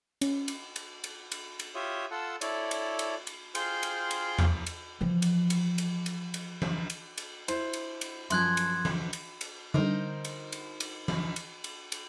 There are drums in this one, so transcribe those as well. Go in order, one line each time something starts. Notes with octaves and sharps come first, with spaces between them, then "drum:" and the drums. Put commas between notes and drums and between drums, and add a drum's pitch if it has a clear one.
C#4, drum: cymbal
drum: cymbal
drum: cymbal
drum: cymbal
drum: cymbal
drum: cymbal
F4 G4 C#5 E5 D#6
F4 A4 F#5 A5 E6
E4 A4 C#5 D5, drum: cymbal
drum: cymbal
drum: cymbal
drum: cymbal
F4 G#4 C5 G5 C6 F6, drum: cymbal
drum: cymbal
drum: cymbal
drum: tom E2
drum: cymbal
E3 F3
drum: cymbal
drum: cymbal
drum: cymbal
drum: cymbal
drum: cymbal
drum: tom E3
drum: cymbal
drum: cymbal
E4 C5, drum: cymbal
drum: cymbal
drum: cymbal
F#2 F3 C6 F#6 G#6, drum: cymbal
drum: cymbal
drum: tom E3
drum: cymbal
drum: cymbal
D3 G3 D#4 A#4 C5
drum: cymbal
drum: cymbal
drum: cymbal
drum: tom E3
drum: cymbal
drum: cymbal
drum: cymbal